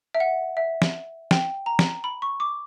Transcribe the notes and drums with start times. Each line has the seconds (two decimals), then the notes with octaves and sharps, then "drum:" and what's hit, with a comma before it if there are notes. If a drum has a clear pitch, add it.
0.14 E5
0.20 F#5
0.57 E5
0.82 drum: snare
1.31 G5, drum: snare
1.66 A#5
1.79 drum: snare
2.04 B5
2.22 C#6
2.40 D6